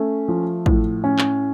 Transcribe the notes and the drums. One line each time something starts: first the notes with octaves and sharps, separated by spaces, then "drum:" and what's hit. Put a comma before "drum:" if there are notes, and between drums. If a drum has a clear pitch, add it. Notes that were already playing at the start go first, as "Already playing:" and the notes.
Already playing: A3 C#4
F3
A2, drum: kick
C#4
drum: clap